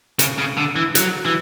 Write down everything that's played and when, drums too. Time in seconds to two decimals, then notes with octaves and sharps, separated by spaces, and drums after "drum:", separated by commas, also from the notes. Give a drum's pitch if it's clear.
0.19 C#3, drum: hi-hat
0.38 C#3
0.57 D3
0.76 E3
0.95 F#3, drum: hi-hat
1.25 E3